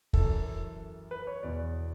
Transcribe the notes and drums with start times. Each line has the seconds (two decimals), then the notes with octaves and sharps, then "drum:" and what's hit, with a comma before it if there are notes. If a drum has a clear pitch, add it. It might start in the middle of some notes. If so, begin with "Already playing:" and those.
0.13 F#2 E3 A4, drum: kick
1.11 B4
1.27 C#5
1.43 E2 B2 D5